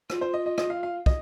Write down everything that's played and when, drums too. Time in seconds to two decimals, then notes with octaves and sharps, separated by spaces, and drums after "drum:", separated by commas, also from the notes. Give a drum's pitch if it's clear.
0.10 F4, drum: rim click
0.21 C5
0.34 D#5
0.46 D#5
0.58 D#5, drum: rim click
0.70 F5
0.83 F5
1.06 D#5, drum: kick